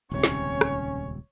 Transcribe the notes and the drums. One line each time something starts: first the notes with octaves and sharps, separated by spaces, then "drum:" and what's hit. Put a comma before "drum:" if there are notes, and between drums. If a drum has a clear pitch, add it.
D#1 C#2 C3 C#4 C#5
drum: snare
drum: rim click